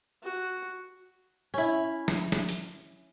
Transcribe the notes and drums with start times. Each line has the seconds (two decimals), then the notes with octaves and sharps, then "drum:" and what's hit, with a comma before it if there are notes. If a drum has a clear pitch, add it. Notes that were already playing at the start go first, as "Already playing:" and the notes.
0.23 F#4
1.54 C#4 E4
2.08 drum: snare
2.32 drum: snare
2.49 drum: hi-hat